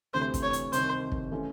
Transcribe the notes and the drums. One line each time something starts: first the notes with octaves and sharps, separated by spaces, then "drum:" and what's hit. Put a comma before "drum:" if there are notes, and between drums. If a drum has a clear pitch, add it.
D2 C3 E3 C5
drum: kick, hi-hat
C#5
drum: hi-hat
C2 C3 D#3 C5, drum: hi-hat
drum: kick
C#3 E3 A3 C#4